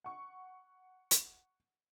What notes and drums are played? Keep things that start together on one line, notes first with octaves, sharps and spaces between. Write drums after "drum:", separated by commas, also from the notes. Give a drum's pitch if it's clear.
F#5 C#6
drum: hi-hat